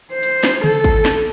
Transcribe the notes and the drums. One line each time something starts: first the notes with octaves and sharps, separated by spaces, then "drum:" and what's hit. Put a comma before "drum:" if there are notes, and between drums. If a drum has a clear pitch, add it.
C5
drum: hi-hat
drum: snare
A4, drum: tom C#3
drum: kick G#1, hi-hat
drum: snare